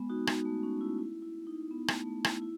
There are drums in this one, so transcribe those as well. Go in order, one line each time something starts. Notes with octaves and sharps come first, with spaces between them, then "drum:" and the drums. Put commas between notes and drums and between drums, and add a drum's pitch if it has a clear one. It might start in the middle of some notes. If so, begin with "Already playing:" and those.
Already playing: G#3 B3
D#4 F#4
D#4 F#4, drum: rim click
A3
C#4
E4
E4
E4
D#4
B3
A3, drum: rim click
A3
E4, drum: rim click
E4